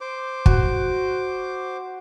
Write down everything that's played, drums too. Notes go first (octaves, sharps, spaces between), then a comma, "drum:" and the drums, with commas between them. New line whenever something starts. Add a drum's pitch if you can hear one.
C5 D6
F#4, drum: kick